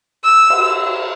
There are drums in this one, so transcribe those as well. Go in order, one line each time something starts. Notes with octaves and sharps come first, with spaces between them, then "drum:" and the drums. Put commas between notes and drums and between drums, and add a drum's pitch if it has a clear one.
E6
drum: cymbal